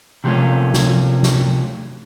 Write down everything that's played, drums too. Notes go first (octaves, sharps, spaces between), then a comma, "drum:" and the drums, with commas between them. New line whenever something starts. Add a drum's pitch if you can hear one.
C3 F3 G3 A3 A#3 C#4
drum: snare
drum: snare